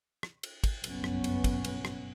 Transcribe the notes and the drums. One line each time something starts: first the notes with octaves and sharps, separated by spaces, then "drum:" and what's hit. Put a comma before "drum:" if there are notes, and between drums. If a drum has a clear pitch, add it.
drum: rim click
drum: cymbal
drum: kick, cymbal
F#1 B1 G2 B3 C#4, drum: cymbal
drum: rim click
drum: cymbal
drum: kick, cymbal
drum: cymbal
drum: rim click